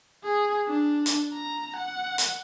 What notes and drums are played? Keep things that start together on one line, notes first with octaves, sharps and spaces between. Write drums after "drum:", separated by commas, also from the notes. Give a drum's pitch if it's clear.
G#4
D4
drum: hi-hat
A#5
F#5
drum: hi-hat